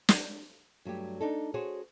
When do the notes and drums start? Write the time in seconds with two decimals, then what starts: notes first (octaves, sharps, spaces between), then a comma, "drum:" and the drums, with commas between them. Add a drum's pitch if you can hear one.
0.09 drum: snare
0.85 G2 F#3 A3 G4
1.21 D4 D#4 A4
1.54 F#4 G#4 C5 C#5